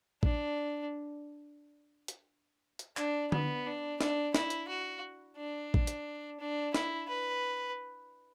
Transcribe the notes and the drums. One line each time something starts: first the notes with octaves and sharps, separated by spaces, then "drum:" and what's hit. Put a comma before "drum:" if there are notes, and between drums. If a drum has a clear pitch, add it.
D4, drum: kick A1
drum: hi-hat
drum: hi-hat
D4, drum: clap
B3, drum: tom D3
D4
D4, drum: snare
E4, drum: snare
drum: hi-hat
F#4
D4
drum: kick A1
drum: hi-hat
D4
E4, drum: snare
B4